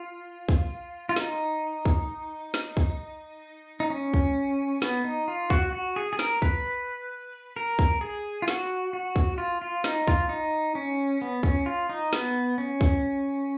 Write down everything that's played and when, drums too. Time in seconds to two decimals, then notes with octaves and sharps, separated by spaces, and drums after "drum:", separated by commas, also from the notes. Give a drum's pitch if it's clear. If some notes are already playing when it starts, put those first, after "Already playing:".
Already playing: F4
0.49 drum: kick
1.09 F4
1.16 D#4, drum: snare
1.85 drum: kick
2.54 drum: snare
2.77 drum: kick
3.80 D#4
3.90 C#4
4.14 drum: kick
4.82 B3, drum: snare
5.04 D#4
5.28 F4
5.50 F#4, drum: kick
5.73 F#4
5.96 G#4
6.13 G#4
6.19 A#4, drum: snare
6.42 B4, drum: kick
7.56 A#4
7.79 drum: kick
8.01 G#4
8.42 F4
8.48 F#4, drum: snare
8.93 F#4
9.16 drum: kick
9.38 F4
9.62 F4
9.84 D#4, drum: snare
10.07 F4, drum: kick
10.29 D#4
10.75 C#4
11.22 B3
11.43 C#4, drum: kick
11.66 F4
11.89 D#4
12.13 B3, drum: snare
12.58 C#4
12.81 drum: kick